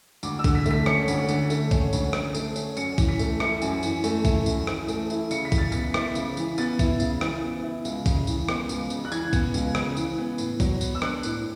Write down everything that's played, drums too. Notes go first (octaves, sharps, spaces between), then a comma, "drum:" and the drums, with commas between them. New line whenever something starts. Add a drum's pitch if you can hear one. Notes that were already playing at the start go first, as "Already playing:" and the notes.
D2 D6, drum: tambourine
E6
D3, drum: kick, tambourine
B6
A3 B6, drum: tambourine
C#4 C#7, drum: rim click
D2, drum: tambourine
D3, drum: tambourine
A3, drum: tambourine
C#4, drum: kick, tambourine
D2, drum: tambourine
D3, drum: rim click
A3, drum: tambourine
C#4, drum: tambourine
F#2 C#7, drum: tambourine
E3, drum: kick, tambourine
B6
A3, drum: tambourine
E4 C#7, drum: rim click
F#2, drum: tambourine
E3, drum: tambourine
A3, drum: tambourine
E4, drum: kick, tambourine
F#2, drum: tambourine
E3, drum: rim click
A3, drum: tambourine
E4, drum: tambourine
C#3 C#7, drum: tambourine
B6
E3, drum: kick, tambourine
A6
B3 B6, drum: tambourine
E4, drum: rim click
C#3, drum: tambourine
E3, drum: tambourine
B3 A6, drum: tambourine
E4, drum: kick, tambourine
C#3, drum: tambourine
E3, drum: rim click
B3
E4
C#2, drum: tambourine
C#3, drum: kick, tambourine
E3, drum: tambourine
B3, drum: rim click
C#2, drum: tambourine
C#3, drum: tambourine
F#6
E3 G#6, drum: tambourine
B3, drum: kick, tambourine
C#2, drum: tambourine
C#3, drum: rim click
E3, drum: tambourine
B3
A2, drum: tambourine
F#3, drum: kick, tambourine
B3, drum: tambourine
E6
D4 F#6, drum: rim click
A2, drum: tambourine